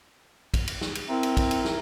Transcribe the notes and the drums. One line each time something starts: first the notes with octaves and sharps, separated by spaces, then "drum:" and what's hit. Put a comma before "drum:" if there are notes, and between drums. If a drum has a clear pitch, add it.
drum: kick, cymbal
drum: cymbal
drum: snare
drum: cymbal
C4 E4 A#4
drum: cymbal
drum: kick, cymbal
drum: cymbal
drum: snare